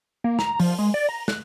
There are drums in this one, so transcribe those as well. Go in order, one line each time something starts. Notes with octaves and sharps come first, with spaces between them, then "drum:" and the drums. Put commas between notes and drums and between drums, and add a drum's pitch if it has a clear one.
A#3
A#5, drum: snare
F3, drum: open hi-hat
G#3
D5
A#5
F#6, drum: snare